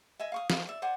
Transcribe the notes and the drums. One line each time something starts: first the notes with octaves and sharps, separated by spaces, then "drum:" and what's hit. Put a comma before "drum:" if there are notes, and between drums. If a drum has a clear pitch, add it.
D#5 E5 G#5
F5 C#6 D#6
F4, drum: snare
D5 E5
C5 D5 F#5 G#5